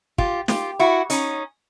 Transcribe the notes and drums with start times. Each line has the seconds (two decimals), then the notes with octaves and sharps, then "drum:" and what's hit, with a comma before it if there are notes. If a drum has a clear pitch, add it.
0.18 F4 G4, drum: kick
0.48 F4 G4, drum: snare
0.79 E4 F#4
1.10 C#4 D#4, drum: hi-hat